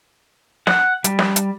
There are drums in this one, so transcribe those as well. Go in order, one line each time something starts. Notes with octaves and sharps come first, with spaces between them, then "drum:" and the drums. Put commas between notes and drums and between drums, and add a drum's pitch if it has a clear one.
F#5, drum: snare
G3, drum: hi-hat
drum: snare
drum: hi-hat